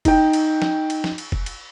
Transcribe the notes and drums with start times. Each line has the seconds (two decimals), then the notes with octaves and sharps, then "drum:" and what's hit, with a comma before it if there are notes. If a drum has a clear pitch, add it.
0.05 D#4 G5, drum: kick, cymbal
0.33 drum: cymbal
0.62 drum: snare
0.90 drum: cymbal
1.04 drum: snare
1.18 drum: cymbal
1.32 drum: kick
1.46 drum: cymbal